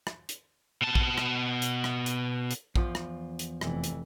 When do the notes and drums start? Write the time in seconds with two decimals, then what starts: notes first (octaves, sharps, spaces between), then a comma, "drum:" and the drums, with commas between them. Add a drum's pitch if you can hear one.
0.07 drum: rim click
0.29 drum: hi-hat
0.82 B2 A5
0.95 drum: kick
1.18 drum: rim click
1.62 drum: hi-hat
1.84 drum: rim click
2.06 drum: hi-hat
2.51 drum: hi-hat
2.76 E2 F3 F4, drum: kick
2.95 drum: rim click
3.39 drum: hi-hat
3.61 F1 E3, drum: rim click
3.84 drum: hi-hat